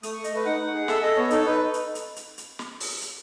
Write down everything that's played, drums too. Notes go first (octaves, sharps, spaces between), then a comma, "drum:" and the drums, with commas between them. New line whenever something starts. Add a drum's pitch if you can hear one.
A3 D#6, drum: hi-hat
A3 C#6
D#5, drum: hi-hat
A3 B4
D#4 F#5
D#4
G#4
A4 E5, drum: snare
A4 D#5
B3 C#5
D#4 A4, drum: hi-hat
D#4 B4
drum: hi-hat
drum: hi-hat
drum: hi-hat
drum: hi-hat
drum: snare
drum: open hi-hat
drum: hi-hat